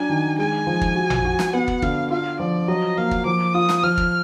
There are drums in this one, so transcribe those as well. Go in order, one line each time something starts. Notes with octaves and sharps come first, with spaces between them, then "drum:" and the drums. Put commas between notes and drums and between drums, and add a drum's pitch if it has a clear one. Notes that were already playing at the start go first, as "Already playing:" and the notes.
Already playing: F#3 D4 G#5
D#3
G#3 G#5
F3
drum: kick
F#4
drum: tom A1
F#4
drum: snare
B3 F#5
drum: kick
D3 F5, drum: kick
F4 F5
F3 D5
F#3 D#5
A#3 F5
drum: kick
F3 D6
F4 D#6
drum: snare
F3 F6
drum: kick